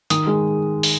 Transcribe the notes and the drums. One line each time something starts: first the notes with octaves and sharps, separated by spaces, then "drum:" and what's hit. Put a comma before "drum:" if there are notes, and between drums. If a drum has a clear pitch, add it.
D#3 D#6, drum: hi-hat
G#3
drum: open hi-hat